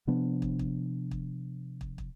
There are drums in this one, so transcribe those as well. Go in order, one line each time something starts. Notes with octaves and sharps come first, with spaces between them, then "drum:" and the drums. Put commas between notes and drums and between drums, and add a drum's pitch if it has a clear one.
C3 F3 B3 D4
drum: kick
drum: kick
drum: kick
drum: kick
drum: kick